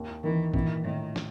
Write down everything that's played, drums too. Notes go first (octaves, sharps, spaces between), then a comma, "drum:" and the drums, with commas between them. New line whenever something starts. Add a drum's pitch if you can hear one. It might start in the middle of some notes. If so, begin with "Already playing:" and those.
Already playing: D#2
D#3 E3
A#1 E3, drum: kick A1
A2 D#3
drum: snare